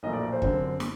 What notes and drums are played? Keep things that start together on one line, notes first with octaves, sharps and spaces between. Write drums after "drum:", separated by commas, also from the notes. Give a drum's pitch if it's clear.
B1 A#2 F3 A3 D#5
D5
D5
C5
F#2 D3 G3 C4, drum: kick
drum: snare